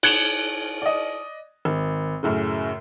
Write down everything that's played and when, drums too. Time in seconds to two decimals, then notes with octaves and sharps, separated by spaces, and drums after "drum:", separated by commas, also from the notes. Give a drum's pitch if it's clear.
0.03 F#6 G#6 C#7 E7 F7, drum: cymbal
0.82 D5 D#5
1.65 G#1
2.23 F#2 A2 C#3